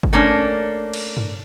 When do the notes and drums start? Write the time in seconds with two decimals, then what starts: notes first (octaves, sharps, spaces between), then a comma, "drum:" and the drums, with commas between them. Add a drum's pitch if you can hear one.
0.03 drum: kick
0.13 A3 A#3 C#4 D4
0.93 drum: cymbal
1.17 drum: tom G2